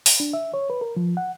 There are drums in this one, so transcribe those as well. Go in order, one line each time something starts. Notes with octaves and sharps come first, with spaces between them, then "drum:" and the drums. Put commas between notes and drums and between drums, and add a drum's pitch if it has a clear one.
drum: open hi-hat
D4
E5
C#5
B4
A#4
F3
F#5